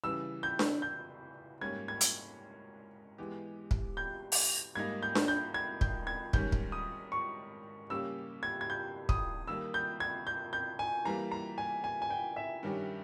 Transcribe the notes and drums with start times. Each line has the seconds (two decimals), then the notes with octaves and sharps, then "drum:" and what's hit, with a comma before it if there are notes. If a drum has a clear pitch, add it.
0.04 C#3 E3 G3 E6
0.43 G6
0.59 drum: snare D4
0.82 G6
1.61 G#2 G3 A#3 C#4 G#6
1.88 G#6
2.01 drum: hi-hat
3.18 E3 G#3 B3 G4
3.71 drum: kick
3.97 G6
4.32 drum: open hi-hat
4.75 G#2 G3 A#3 D#4 G#6
5.03 G6
5.15 drum: snare D4
5.28 G6
5.54 G#6
5.81 G6, drum: kick
6.07 G#6
6.33 G#2 D#3 G3 C#4 G6, drum: kick
6.52 drum: kick
6.72 D#6
7.12 C#6
7.90 C#3 G3 A#3 C#4 G4 E6
8.43 G#6
8.61 G#6
8.70 G6
9.09 D#6, drum: kick
9.47 D#3 G3 A#3 E6
9.74 G6
10.00 G#6
10.27 G6
10.53 G6
10.79 G#5
11.05 E3 G3 A#3 A#5
11.31 A#5
11.58 G#5
11.84 G#5
12.02 G#5
12.10 G5
12.36 E5
12.63 G2 D#3 G3 C#4 G4